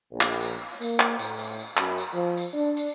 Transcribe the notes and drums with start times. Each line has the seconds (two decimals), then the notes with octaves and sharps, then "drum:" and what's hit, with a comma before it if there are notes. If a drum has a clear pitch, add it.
0.12 A#1
0.21 drum: clap
0.40 drum: tambourine
0.81 A#3, drum: tambourine
1.00 drum: clap
1.19 A2, drum: tambourine
1.39 drum: tambourine
1.59 drum: tambourine
1.77 F#2, drum: clap
1.98 drum: tambourine
2.13 F3
2.38 drum: tambourine
2.54 D4
2.77 drum: tambourine